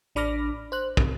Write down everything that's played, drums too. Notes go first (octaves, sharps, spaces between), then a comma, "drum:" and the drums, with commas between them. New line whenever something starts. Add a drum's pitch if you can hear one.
A1 D4 B5 D6 F6 A#6
C5 F#6
C3, drum: kick